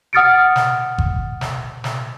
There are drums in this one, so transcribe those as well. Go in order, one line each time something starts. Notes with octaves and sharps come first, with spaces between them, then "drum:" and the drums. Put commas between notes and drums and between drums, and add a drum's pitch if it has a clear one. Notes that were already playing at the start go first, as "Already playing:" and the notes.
F#5 D#6 F6 A6 C#7 D7
drum: snare
drum: kick G1
drum: snare
drum: snare